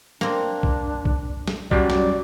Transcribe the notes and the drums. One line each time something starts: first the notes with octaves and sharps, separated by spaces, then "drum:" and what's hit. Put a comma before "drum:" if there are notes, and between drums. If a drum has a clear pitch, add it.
A#3 C4 D4, drum: snare
drum: kick
drum: kick
drum: snare
F#3 G3 C#4 F#4 D5, drum: kick
drum: snare